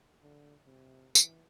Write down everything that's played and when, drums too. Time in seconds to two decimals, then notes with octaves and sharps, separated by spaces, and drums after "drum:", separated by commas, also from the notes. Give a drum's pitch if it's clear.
0.23 D3
0.66 C3
1.15 E3, drum: tambourine